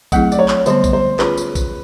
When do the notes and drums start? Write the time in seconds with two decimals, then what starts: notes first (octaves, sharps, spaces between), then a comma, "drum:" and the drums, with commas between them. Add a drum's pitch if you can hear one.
0.12 F#3 A3 C4 E4 G#4 F#5, drum: kick A#1, tambourine
0.32 D5, drum: tambourine
0.39 C#5
0.48 drum: clap
0.66 D3 G3 B3 C5, drum: tambourine
0.84 drum: kick A#1, tambourine
0.93 C5
1.19 C#4 F4 G#4 B4 C#5, drum: clap
1.38 drum: tambourine
1.55 drum: kick A#1, tambourine